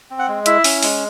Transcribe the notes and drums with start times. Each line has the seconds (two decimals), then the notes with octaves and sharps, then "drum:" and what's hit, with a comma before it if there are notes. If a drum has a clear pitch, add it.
0.10 C4
0.19 F#5
0.28 G#3
0.46 E4 E5, drum: hi-hat
0.64 C#4, drum: open hi-hat
0.83 G#3, drum: open hi-hat